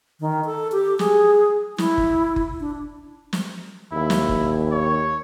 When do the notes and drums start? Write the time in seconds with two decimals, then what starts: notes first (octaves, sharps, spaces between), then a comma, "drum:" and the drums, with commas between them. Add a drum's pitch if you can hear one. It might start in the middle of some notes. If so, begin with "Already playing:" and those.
0.20 D#3
0.45 A4
0.72 G4
0.99 G#4, drum: snare
1.78 E4, drum: snare
1.98 drum: kick F#1
2.36 drum: kick F#1
2.60 D4
3.33 drum: snare
3.92 D#2 E4
4.10 drum: snare
4.29 drum: kick F#1
4.72 C#5